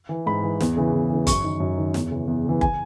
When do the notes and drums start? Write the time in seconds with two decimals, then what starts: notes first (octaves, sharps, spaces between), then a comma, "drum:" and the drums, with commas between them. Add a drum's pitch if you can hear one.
0.09 E3
0.26 G#2 B5
0.43 E3
0.60 E2, drum: snare
0.76 C#3 E3
0.94 E2
1.10 C#3 E3
1.27 F#2 C#6, drum: kick F#1, hi-hat
1.44 D#3
1.60 F#2
1.78 D#3
1.94 E2, drum: snare
2.11 C#3 E3
2.28 E2
2.45 C#3 E3
2.61 G#5, drum: kick F#1